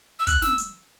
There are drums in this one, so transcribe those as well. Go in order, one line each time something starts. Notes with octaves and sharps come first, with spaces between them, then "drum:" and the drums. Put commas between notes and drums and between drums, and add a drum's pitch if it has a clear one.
E6
F#6, drum: kick, hi-hat
E6, drum: snare
drum: hi-hat